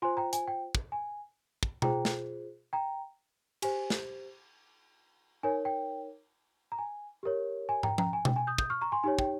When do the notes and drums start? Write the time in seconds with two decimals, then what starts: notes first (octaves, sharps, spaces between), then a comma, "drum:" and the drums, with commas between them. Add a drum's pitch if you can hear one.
0.02 F4 C5 G#5 C6
0.17 G5 A#5
0.33 G#5, drum: hi-hat
0.48 G5
0.75 drum: kick
0.92 G#5
1.63 drum: kick
1.82 F4 G#4 C5 G5 A#5, drum: tom B2
2.05 drum: snare
2.73 G5 A#5
3.62 G4 C5 G#5, drum: cymbal
3.90 drum: snare
5.43 D#4 A#4 C#5 G#5
5.65 G5
6.72 A#5
6.78 G#5
7.23 G4 A#4 C#5
7.69 G#5
7.83 G5 A#5, drum: tom
7.98 G5 A#5, drum: tom F3
8.13 G#5
8.25 G5, drum: tom B2
8.36 G#5
8.47 D#6 G6
8.58 D#6 G6, drum: kick
8.70 C#6 F6
8.81 A#5 C#6
8.92 G#5 C6
9.03 D#4 G4 C#5 G#5
9.19 G5, drum: kick